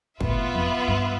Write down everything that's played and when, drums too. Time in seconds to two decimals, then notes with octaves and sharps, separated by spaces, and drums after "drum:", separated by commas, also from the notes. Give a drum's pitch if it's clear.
0.21 A2 B3 F4 B4 E5, drum: kick
0.55 F2
0.88 G2